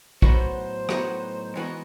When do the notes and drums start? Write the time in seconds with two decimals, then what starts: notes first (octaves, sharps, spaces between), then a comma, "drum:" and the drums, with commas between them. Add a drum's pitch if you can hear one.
0.22 A2 F#3 B3 D#4 F#4 C5, drum: kick
0.89 A2 F#3 B3 D#4 F#4, drum: rim click
1.56 E3 G#3 B3 D#4 F#4